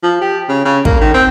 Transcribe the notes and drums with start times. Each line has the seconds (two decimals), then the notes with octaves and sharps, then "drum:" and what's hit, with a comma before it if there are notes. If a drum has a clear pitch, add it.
0.03 F3
0.21 G4
0.49 C#3
0.65 C#3
0.85 A#3, drum: kick
1.01 D#3
1.14 C4